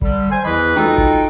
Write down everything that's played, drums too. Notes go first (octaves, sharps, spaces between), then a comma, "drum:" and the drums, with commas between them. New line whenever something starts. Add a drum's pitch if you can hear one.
D3 G3, drum: kick G#1
C5 G#5
E2 E3 E4 B4 D#5 B5
D#4 F4 F#4 A4 G5, drum: tom
drum: kick G#1